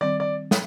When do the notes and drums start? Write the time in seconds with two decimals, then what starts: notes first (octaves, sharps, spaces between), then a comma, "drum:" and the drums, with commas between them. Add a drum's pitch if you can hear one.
0.01 D#3 G3 C4 D5
0.20 D5
0.51 drum: snare